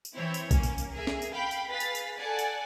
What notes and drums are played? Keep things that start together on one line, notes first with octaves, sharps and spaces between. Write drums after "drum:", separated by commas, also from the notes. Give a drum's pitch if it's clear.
drum: tambourine
E3 C4 E4 C#5
drum: tambourine
A#3 C#4, drum: kick B1, tambourine
drum: tambourine
drum: tambourine
G#4 A#4 E5
drum: snare
drum: tambourine
F5 G5 B5 G6
drum: tambourine
G#4 B4 F5 A6 B6
drum: tambourine
drum: tambourine
A4 D5 F#5 G#5
drum: tambourine